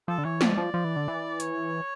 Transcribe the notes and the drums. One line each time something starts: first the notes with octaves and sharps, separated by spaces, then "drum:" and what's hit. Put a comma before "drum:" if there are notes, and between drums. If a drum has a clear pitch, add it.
F3 A4
D3
E3 C#5
F3 D5, drum: snare
F3
F3
E3
D3
E3
C#5, drum: hi-hat